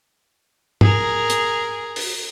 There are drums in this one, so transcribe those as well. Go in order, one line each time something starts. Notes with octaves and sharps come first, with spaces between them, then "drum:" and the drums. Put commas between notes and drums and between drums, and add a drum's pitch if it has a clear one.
G#4 A#4, drum: tom G#2
drum: hi-hat
drum: open hi-hat